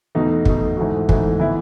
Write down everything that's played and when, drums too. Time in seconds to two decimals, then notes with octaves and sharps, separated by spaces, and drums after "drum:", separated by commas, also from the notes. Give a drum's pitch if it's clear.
0.15 E2 B2 A3 D#4
0.45 E2 B2 A3 D#4, drum: kick
0.77 G#2 E3 A3 D#4 F#4
1.09 G#2 E3 A3 D#4 F#4, drum: kick
1.40 E3 B3 E4